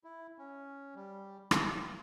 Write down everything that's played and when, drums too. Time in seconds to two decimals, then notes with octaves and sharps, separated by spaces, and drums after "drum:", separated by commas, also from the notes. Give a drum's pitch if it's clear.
0.04 E4
0.38 C#4
0.95 G3
1.51 drum: rim click
1.62 G2